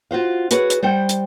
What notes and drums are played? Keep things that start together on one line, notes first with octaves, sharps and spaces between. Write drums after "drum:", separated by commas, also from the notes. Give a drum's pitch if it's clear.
F4 F#4 C5 F5
F#4 G#4 B4 C#5, drum: hi-hat
drum: hi-hat
G3 C5 F#5 G5
drum: hi-hat